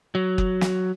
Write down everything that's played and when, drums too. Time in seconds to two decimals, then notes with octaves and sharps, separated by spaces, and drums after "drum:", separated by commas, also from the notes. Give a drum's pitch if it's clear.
0.15 F#3
0.38 drum: kick F#1
0.61 drum: snare